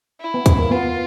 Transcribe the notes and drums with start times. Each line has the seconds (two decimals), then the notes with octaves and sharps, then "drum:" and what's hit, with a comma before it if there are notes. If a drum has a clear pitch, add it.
0.20 E4
0.34 B3
0.46 C4, drum: kick, hi-hat
0.58 A#3
0.71 B3 F4